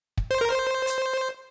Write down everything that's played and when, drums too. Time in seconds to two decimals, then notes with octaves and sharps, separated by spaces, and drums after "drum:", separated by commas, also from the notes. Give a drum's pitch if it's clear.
0.17 drum: kick
0.31 C5
0.41 A#4
0.51 C5
0.87 drum: hi-hat